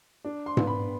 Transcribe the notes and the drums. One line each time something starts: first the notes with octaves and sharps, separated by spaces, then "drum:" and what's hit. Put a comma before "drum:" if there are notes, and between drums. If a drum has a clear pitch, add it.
D4
C6
B3, drum: tom G#2
B5